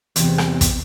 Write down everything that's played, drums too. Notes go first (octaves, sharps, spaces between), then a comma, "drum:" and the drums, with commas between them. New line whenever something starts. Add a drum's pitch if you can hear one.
E2 G#2 C3, drum: hi-hat
drum: rim click
drum: kick, hi-hat